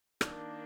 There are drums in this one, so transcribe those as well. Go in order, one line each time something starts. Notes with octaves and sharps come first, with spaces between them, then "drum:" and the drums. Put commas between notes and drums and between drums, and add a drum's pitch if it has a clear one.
D#3 A#3 D4, drum: rim click